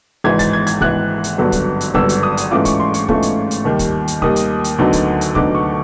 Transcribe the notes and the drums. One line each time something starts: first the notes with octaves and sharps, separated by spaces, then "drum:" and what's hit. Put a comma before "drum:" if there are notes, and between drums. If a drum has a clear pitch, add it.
G#1 G#2 E3 G#6
A6, drum: kick, hi-hat
G#6
G#6, drum: hi-hat
G#1 G#2 E3 F#6, drum: kick
drum: hi-hat
G#1 G2 D3 F#3 B3
drum: kick, hi-hat
drum: hi-hat
G#1 G2 D3 F#3 B3 E6, drum: kick
drum: hi-hat
D#6
drum: hi-hat
G#2 E3 A3 C#4 F4 D6
C#6, drum: kick, hi-hat
C6
C#6, drum: hi-hat
G#2 E3 A3 C#4 F4, drum: kick
drum: hi-hat
drum: hi-hat
D#2 D#3 G3
drum: kick, hi-hat
drum: hi-hat
D#2 D#3 G3 D#6, drum: kick
drum: hi-hat
drum: hi-hat
D2 D3 F#3 B3 D#4
drum: kick, hi-hat
drum: hi-hat
D2 D3 F#3 B3 D#4 D6, drum: kick
C#6